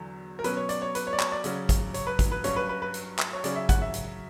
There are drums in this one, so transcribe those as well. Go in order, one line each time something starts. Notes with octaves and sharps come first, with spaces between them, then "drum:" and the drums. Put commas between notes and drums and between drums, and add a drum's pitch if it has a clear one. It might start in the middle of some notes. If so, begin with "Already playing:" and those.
Already playing: E2 D3 F#3
A#4
B2 F#3 C#4 B4, drum: hi-hat
C#5
D5, drum: hi-hat
C#5
B4, drum: hi-hat
C#5
D5
C#5, drum: clap
D5
C#3 F#3 C#4, drum: hi-hat
drum: kick, hi-hat
C#5, drum: hi-hat
B4
drum: kick, hi-hat
B4
G2 F#3 C#4 C#5, drum: hi-hat
B4
B4
B4
drum: hi-hat
drum: clap
C#5
C#3 F#3 C#4 D5, drum: hi-hat
E5
F#5, drum: kick, hi-hat
E5
drum: hi-hat